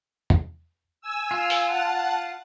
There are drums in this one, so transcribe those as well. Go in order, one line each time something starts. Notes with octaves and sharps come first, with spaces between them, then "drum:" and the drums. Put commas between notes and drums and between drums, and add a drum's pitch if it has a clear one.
drum: tom E2
G#5 E6
F4
drum: open hi-hat
F#5 A5